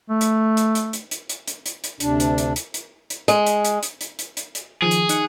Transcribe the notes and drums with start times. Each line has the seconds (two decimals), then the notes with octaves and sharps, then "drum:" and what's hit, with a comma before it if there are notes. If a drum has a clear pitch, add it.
0.10 A3
0.21 drum: hi-hat
0.57 drum: hi-hat
0.75 drum: hi-hat
0.93 drum: hi-hat
1.11 drum: hi-hat
1.29 drum: hi-hat
1.48 drum: hi-hat
1.66 drum: hi-hat
1.84 drum: hi-hat
2.00 D2 C3 D4, drum: hi-hat
2.20 drum: hi-hat
2.38 drum: hi-hat
2.56 drum: hi-hat
2.74 drum: hi-hat
3.10 drum: hi-hat
3.28 G#3, drum: hi-hat
3.46 drum: hi-hat
3.65 drum: hi-hat
3.83 drum: hi-hat
4.01 drum: hi-hat
4.19 drum: hi-hat
4.37 drum: hi-hat
4.55 drum: hi-hat
4.82 D#3 F3 G#4
4.91 drum: hi-hat
5.09 D#4 F#6 C#7, drum: hi-hat